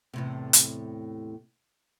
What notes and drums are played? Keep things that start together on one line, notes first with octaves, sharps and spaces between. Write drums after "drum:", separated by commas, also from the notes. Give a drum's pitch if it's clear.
E2 A2 C3
drum: hi-hat